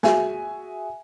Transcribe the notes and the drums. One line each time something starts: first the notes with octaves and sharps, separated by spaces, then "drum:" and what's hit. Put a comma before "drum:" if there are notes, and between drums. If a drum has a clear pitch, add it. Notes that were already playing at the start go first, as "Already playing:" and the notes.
F#4 G#4 E5 G#5, drum: snare